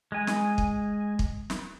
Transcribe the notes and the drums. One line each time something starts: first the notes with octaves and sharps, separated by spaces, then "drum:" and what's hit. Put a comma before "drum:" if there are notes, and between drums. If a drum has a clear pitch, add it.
G#3 G#5
drum: snare
drum: kick
drum: kick
drum: snare